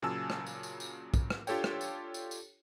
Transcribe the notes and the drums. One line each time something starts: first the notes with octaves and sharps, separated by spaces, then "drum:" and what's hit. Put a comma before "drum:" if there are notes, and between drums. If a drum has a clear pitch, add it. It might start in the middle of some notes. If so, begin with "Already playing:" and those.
A#2 C#3 F#3 G#5 A5 E6
drum: rim click
drum: tambourine
drum: tambourine
drum: tambourine
drum: kick, tambourine
drum: rim click
D4 F4 G4 A4 C#5 G5, drum: tambourine
drum: rim click
drum: tambourine
drum: tambourine
drum: tambourine